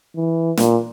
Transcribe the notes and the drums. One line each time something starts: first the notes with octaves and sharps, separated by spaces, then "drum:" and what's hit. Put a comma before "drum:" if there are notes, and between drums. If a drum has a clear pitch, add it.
E3
A#2, drum: snare